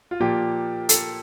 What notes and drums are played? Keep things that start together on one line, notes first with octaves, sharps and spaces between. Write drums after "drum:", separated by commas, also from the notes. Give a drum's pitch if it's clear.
F4
A#2 F3 A#3 G4
A4, drum: hi-hat